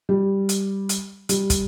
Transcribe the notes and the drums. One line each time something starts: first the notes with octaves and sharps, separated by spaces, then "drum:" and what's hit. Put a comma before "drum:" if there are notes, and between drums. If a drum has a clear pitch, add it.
G3
drum: hi-hat
drum: hi-hat
G3, drum: hi-hat
drum: kick, hi-hat